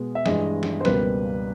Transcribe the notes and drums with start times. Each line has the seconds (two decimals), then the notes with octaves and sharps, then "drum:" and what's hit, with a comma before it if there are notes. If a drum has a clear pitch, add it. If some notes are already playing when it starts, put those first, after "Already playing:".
Already playing: B2 G#3 B3
0.15 E5
0.26 G2 E3 G#3 D#5, drum: snare
0.63 drum: snare
0.81 C5
0.85 C#2 B2 G3 A#3 B4, drum: snare